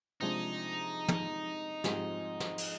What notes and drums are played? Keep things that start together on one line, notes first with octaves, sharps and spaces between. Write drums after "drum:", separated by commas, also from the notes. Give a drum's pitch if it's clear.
C3 F3 G#3 D4 D#4
drum: tom
G#2 F3 G#3 C4 G4, drum: snare
drum: snare
drum: cymbal